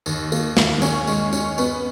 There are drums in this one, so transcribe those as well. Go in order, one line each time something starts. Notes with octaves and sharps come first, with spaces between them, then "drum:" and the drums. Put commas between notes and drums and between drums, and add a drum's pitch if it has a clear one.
D#2, drum: tambourine
A#3, drum: tambourine
D#2, drum: snare
C#4, drum: tambourine
G#3, drum: tambourine
C#4, drum: tambourine
B3, drum: tambourine